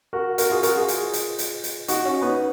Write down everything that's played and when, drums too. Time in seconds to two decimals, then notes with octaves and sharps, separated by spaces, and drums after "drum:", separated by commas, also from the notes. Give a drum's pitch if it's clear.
0.13 F#4 A#4
0.38 F#4 A#4, drum: hi-hat
0.50 F4 G#4
0.63 F#4 A#4, drum: hi-hat
0.76 F4 G#4
0.88 drum: hi-hat
1.13 drum: hi-hat
1.39 drum: hi-hat
1.64 drum: hi-hat
1.88 D#4 F#4, drum: hi-hat
2.05 C#4
2.22 B3 D#4